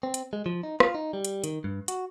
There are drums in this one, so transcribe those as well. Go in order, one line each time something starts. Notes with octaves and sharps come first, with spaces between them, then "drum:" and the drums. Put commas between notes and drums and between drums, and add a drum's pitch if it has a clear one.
C4
drum: hi-hat
G#3
F3
D#4
F4, drum: rim click
D#4
G3
drum: hi-hat
D#3, drum: hi-hat
G2
F#4, drum: hi-hat